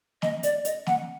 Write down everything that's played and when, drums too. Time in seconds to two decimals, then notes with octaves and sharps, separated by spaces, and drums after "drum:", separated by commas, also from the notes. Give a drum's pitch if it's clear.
0.22 D#5, drum: snare
0.43 D5, drum: hi-hat
0.65 D#5, drum: hi-hat
0.87 F#5, drum: snare